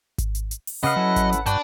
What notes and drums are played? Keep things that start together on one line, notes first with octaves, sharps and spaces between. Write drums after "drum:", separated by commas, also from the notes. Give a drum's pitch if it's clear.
drum: kick G#1, hi-hat
drum: hi-hat
drum: hi-hat
drum: open hi-hat
C#3 B4 D#5 F5 F#5 D#6
F#3 C#4 E4 A4
drum: kick G#1, hi-hat
drum: hi-hat
G2 F#4 B4 D5 G5 A5, drum: hi-hat